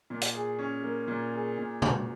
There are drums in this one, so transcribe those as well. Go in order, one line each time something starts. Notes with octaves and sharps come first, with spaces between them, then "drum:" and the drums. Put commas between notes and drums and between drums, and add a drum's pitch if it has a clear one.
A#2
drum: hi-hat
G#4
C#4
A#3
A#2
G#4
A#2
F#4, drum: tom